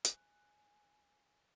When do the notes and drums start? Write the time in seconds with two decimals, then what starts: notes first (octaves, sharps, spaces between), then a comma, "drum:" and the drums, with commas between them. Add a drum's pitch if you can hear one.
0.05 G#5 F#6, drum: hi-hat